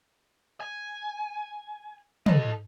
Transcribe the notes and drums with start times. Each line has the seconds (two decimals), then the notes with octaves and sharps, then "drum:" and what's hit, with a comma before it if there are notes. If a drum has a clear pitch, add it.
0.60 G#5
2.26 A4 D#5, drum: tom